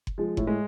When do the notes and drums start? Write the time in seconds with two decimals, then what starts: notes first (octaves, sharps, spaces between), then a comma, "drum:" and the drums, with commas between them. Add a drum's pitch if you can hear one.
0.07 drum: kick F#1
0.18 F3 G#3
0.37 A2, drum: kick F#1
0.47 G#3